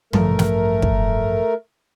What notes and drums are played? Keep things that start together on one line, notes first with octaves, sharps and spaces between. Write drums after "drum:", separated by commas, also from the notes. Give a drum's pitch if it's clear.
A1 G2 F3 A3 A#4, drum: tom
drum: snare
drum: kick